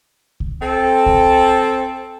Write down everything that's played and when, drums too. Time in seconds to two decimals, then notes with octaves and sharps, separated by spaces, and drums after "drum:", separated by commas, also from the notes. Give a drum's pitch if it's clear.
0.40 drum: kick C2
0.62 C4 A4
1.06 drum: kick C2